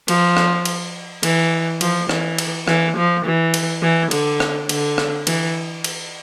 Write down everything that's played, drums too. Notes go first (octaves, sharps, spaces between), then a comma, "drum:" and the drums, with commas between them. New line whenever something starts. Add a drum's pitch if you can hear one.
F3, drum: cymbal
drum: rim click
drum: cymbal
E3, drum: cymbal
F3, drum: cymbal
E3, drum: rim click
drum: cymbal
E3, drum: rim click
F3
E3
drum: cymbal
E3
D3, drum: cymbal
drum: rim click
D3, drum: cymbal
drum: rim click
E3, drum: cymbal
drum: cymbal